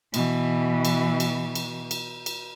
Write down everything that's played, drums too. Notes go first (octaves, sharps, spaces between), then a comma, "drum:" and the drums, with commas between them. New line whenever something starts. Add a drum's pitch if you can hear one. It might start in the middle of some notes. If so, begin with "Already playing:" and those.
B2 E3, drum: cymbal
drum: cymbal
drum: cymbal
drum: cymbal
drum: cymbal
drum: cymbal